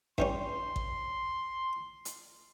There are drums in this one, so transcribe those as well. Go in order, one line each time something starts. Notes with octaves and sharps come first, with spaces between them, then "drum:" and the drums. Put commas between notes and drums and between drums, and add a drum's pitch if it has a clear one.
G2 G3 C#4 C6, drum: kick A1
drum: kick A1
drum: hi-hat